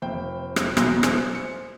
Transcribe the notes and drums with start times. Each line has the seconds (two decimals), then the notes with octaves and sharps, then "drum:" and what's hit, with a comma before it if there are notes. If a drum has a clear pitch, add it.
0.02 F1 C5 G5
0.56 drum: rim click
0.77 B1 E2 B2 C6 A#6, drum: rim click
1.03 C5 G#5, drum: rim click
1.35 C#7